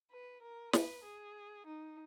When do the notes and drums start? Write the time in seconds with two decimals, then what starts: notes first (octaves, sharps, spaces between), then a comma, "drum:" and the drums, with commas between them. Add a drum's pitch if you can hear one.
0.11 B4
0.42 A#4
0.73 B4, drum: snare
1.04 G#4
1.66 D#4